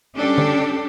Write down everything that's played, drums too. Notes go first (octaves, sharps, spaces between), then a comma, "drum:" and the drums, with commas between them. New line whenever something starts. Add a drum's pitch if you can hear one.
G3 C#4 D4 G4 A4
drum: tom D3